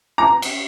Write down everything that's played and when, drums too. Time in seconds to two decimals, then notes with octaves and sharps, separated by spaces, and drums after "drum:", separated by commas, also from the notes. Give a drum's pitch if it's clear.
0.18 A#5
0.42 drum: cymbal